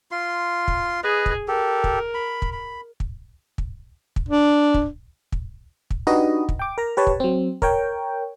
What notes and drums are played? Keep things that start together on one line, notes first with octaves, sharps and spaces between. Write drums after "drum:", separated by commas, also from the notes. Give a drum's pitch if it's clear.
F4 C6
drum: kick
G#4 B4 D#5
drum: kick
G4 A4 A#4
drum: kick
B5
drum: kick
B5
drum: kick
drum: kick
drum: kick
D4
drum: kick
drum: kick
drum: kick
D4 D#4 F#4 G4 B4 D#5
drum: kick
G5 D6
A#4 A#5
G4 B4 C#5 A5
drum: kick
F#3 C4
A#4 C#5 G5, drum: kick